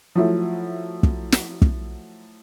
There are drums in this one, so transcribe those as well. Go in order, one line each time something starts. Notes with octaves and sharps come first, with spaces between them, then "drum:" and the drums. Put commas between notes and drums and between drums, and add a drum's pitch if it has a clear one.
F3 F#3 A3 E4
drum: kick
drum: snare
drum: kick